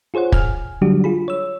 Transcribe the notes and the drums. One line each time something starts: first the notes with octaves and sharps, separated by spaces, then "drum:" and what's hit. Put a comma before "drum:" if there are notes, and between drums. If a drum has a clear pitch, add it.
F4 G#4 C5 C#5 F#5
G#5 F6, drum: kick
D3 F#3 G3 D4 F#4 G4
F4 G#4 B5
C#5 E6